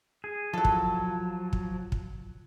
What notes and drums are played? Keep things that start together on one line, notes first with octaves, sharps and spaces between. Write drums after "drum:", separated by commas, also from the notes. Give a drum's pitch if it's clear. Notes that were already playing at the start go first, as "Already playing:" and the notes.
G#4
F3 F#3 E4 A4
drum: kick
drum: kick
drum: kick